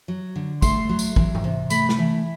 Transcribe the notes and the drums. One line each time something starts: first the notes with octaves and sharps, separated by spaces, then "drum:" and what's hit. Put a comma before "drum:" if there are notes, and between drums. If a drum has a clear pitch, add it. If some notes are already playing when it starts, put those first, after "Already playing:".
F#3
D3
A3 C6, drum: kick, tambourine
F#3
drum: tambourine
E3, drum: kick
drum: tom G#2
C3
A3 B5, drum: tambourine
drum: snare
E3